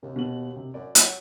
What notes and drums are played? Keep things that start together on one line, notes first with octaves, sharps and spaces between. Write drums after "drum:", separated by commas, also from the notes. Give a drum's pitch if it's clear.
D#2 C3
B2 F#7
C3
F#2 D5
F#3, drum: hi-hat